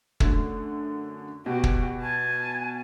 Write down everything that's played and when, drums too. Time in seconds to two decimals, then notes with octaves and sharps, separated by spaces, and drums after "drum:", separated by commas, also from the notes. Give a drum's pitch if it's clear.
0.20 F#2 D3 A3, drum: kick
1.46 B2 F#4 G4
1.64 drum: kick
2.01 G#5 A5